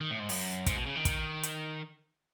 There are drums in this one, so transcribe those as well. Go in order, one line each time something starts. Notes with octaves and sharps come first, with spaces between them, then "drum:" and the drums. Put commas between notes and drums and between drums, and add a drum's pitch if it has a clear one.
D#3
A2
G#2
F#2, drum: open hi-hat
G#2, drum: kick, hi-hat
B2
C#3
D#3
drum: kick, hi-hat
drum: hi-hat